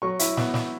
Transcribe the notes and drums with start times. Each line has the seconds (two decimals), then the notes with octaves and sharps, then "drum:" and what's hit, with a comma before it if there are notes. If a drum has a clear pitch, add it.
0.02 F#3 C#6
0.19 E4, drum: hi-hat
0.37 B3, drum: snare
0.54 drum: snare